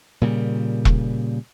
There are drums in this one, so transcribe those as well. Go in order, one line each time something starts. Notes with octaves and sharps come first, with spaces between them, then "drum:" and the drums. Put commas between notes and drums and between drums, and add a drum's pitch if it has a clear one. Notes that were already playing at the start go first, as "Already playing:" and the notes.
A#2 C#3 G3
drum: kick E1